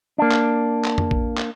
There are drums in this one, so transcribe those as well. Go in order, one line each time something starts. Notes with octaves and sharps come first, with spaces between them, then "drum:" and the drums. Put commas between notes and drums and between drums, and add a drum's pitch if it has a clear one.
A#3 D4
drum: clap
drum: clap
drum: tom F2
drum: kick A#1
drum: clap